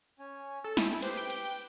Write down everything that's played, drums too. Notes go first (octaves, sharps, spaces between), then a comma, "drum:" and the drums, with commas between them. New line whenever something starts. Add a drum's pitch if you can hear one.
C#4 G#5
A4
E4 G#4 A4 G5, drum: snare
G4 B4 C5, drum: cymbal
G5
drum: cymbal